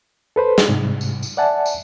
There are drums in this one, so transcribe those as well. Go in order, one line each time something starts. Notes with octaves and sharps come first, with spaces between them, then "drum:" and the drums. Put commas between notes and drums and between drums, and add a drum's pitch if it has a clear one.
A4 B4 C5 B5
drum: snare
G#2 C3
drum: tambourine
drum: tambourine
D5 E5 F#5 G#5 A5
drum: tambourine